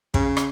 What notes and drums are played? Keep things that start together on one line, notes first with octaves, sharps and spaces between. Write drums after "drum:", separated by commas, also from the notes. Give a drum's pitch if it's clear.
C#3, drum: kick
drum: rim click